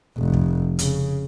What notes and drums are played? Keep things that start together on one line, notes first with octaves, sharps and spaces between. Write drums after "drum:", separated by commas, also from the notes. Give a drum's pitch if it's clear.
F1
drum: kick
C#3, drum: hi-hat